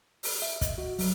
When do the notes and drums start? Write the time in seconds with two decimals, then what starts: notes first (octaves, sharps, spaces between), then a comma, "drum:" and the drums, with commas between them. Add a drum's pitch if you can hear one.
0.23 drum: open hi-hat
0.42 E5
0.61 D#5, drum: kick, hi-hat
0.78 F#4
0.99 F#3, drum: open hi-hat